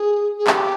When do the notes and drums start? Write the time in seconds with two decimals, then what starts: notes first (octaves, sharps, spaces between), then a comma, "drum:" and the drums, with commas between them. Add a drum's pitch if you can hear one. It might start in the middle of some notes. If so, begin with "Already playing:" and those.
Already playing: G#4
0.38 G#4
0.47 G4, drum: clap